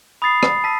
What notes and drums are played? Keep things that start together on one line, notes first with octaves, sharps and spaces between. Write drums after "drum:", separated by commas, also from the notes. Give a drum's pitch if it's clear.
B5 D#6 A6 C7
drum: rim click
A5 E6 B6